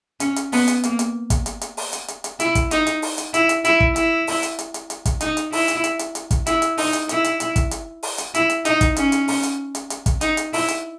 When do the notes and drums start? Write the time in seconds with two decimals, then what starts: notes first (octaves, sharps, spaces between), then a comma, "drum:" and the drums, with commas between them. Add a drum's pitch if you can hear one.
0.20 C#4, drum: hi-hat
0.36 drum: hi-hat
0.52 B3, drum: open hi-hat
0.68 drum: hi-hat
0.83 A#3, drum: hi-hat
0.99 drum: hi-hat
1.30 drum: kick, hi-hat
1.46 drum: hi-hat
1.61 drum: hi-hat
1.77 drum: open hi-hat
1.93 drum: hi-hat
2.08 drum: hi-hat
2.24 drum: hi-hat
2.40 E4, drum: hi-hat
2.55 drum: kick, hi-hat
2.71 D#4, drum: hi-hat
2.87 drum: hi-hat
3.02 drum: open hi-hat
3.18 drum: hi-hat
3.34 E4, drum: hi-hat
3.49 drum: hi-hat
3.65 E4, drum: hi-hat
3.80 drum: kick
3.96 E4, drum: hi-hat
4.27 drum: open hi-hat
4.43 drum: hi-hat
4.59 drum: hi-hat
4.74 drum: hi-hat
4.90 drum: hi-hat
5.05 drum: kick, hi-hat
5.21 D#4, drum: hi-hat
5.37 drum: hi-hat
5.52 E4, drum: open hi-hat
5.68 drum: hi-hat
5.84 drum: hi-hat
5.99 drum: hi-hat
6.15 drum: hi-hat
6.31 drum: kick, hi-hat
6.47 E4, drum: hi-hat
6.62 drum: hi-hat
6.78 D#4, drum: open hi-hat
6.93 drum: hi-hat
7.09 E4, drum: hi-hat
7.24 drum: hi-hat
7.40 drum: hi-hat
7.56 drum: kick, hi-hat
7.71 drum: hi-hat
8.03 drum: open hi-hat
8.18 drum: hi-hat
8.34 E4, drum: hi-hat
8.50 drum: hi-hat
8.65 D#4, drum: hi-hat
8.81 drum: kick, hi-hat
8.96 C#4, drum: hi-hat
9.12 drum: hi-hat
9.28 drum: open hi-hat
9.43 drum: hi-hat
9.75 drum: hi-hat
9.90 drum: hi-hat
10.06 drum: kick, hi-hat
10.21 D#4, drum: hi-hat
10.37 drum: hi-hat
10.53 E4, drum: open hi-hat
10.68 drum: hi-hat